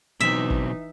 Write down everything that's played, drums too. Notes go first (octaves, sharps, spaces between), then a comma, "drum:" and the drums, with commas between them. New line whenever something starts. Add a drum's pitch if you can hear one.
B2 E3 F#3 C4 D#4 E5
drum: kick